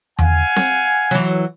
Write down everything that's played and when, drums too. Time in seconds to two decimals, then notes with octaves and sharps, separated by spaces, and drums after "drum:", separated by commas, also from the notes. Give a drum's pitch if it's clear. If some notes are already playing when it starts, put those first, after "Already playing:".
0.19 F5 F#5 G#5, drum: tom E2
0.56 drum: snare C4
1.11 E3 F#3